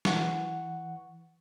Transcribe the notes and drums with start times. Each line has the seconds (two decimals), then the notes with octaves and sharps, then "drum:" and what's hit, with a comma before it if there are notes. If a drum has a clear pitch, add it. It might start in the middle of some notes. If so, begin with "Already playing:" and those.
0.05 E3 F#5 C#6, drum: snare